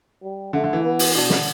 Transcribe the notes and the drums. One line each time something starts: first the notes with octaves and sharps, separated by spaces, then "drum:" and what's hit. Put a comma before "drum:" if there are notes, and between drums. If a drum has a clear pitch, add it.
G3
D3 A3
D3
E3
B3
drum: open hi-hat
B2 D4
D3, drum: snare